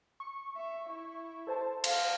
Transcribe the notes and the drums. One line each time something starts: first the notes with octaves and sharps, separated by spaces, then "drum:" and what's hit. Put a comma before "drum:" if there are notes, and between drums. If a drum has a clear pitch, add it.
C#6
E5
E4
A4 C5 A5
F5, drum: cymbal